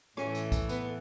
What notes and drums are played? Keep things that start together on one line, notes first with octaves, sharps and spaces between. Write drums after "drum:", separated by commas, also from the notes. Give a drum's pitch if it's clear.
A2 E3 A3 C#4, drum: rim click
drum: tambourine
drum: kick A#1, tambourine
B3, drum: tambourine